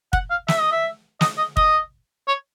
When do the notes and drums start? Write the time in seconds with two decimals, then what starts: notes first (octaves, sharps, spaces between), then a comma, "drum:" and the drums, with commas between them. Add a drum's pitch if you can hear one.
0.13 F#5, drum: kick
0.31 F5
0.48 E5, drum: snare
0.60 D#5
0.72 E5
1.21 D#5, drum: snare
1.38 D#5
1.57 D#5, drum: kick
2.28 C#5